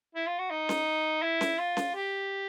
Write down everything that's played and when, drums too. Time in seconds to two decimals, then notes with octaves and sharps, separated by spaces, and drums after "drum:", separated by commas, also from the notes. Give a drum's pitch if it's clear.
0.15 E4
0.27 F4
0.39 F#4
0.51 D#4
0.69 drum: snare C#4
1.23 E4
1.41 drum: snare C#4
1.59 F4
1.77 drum: snare C#4
1.95 G4